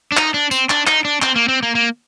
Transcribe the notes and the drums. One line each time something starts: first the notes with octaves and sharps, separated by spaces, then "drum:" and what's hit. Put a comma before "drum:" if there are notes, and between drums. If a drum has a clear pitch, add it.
D4
D#4, drum: clap
D4
C4, drum: tambourine
D4, drum: clap
D#4, drum: clap
D4
C4, drum: clap
A#3
C4
A#3
A#3